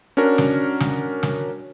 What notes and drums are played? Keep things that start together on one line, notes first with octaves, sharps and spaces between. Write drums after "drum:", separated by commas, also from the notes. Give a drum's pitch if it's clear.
C#4 D4 F#4 A#4
drum: snare
drum: snare
drum: snare